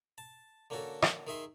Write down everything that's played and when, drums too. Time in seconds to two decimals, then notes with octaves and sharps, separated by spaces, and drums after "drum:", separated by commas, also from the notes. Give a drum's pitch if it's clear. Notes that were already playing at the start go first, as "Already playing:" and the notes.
0.18 A5
0.70 D3 A#3 C#4 F#4 A4
1.02 drum: rim click
1.27 D#3 G#4 E5 C6